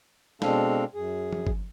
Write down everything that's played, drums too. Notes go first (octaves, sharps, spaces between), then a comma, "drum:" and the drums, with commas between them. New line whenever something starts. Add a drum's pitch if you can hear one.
B2 G#3 C4 D4 A4 F5, drum: snare
F#2 G#4
drum: tom F3
drum: kick G1